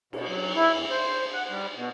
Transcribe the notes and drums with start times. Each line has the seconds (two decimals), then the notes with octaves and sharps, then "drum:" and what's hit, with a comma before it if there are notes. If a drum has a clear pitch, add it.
0.13 B2, drum: cymbal
0.27 F#3
0.55 E4
0.72 E2
0.91 C5
1.33 F#5
1.49 G3
1.75 B2